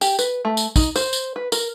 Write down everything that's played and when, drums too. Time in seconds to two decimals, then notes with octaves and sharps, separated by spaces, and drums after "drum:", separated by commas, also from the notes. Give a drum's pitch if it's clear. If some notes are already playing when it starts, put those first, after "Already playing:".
0.01 G4, drum: tambourine
0.19 B4, drum: tambourine
0.45 A3
0.57 drum: tambourine
0.76 D#4, drum: kick, tambourine
0.96 C5, drum: tambourine
1.13 drum: tambourine
1.36 B4
1.52 A#4, drum: tambourine